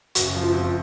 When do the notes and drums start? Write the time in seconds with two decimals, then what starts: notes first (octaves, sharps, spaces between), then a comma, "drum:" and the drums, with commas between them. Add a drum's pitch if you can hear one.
0.15 F#1 F#4, drum: hi-hat
0.35 F3
0.44 F4
0.52 F2 F#4
0.61 F4